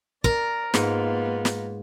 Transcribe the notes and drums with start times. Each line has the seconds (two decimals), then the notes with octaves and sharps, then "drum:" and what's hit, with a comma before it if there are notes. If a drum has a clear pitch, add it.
0.24 A#4 D5, drum: kick
0.74 G#2 A#3 B3 F4, drum: snare
1.45 drum: snare